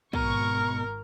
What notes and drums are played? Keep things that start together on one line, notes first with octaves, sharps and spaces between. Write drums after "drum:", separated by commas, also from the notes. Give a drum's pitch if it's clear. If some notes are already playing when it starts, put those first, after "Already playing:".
G#1 B2 A#4 C#6, drum: kick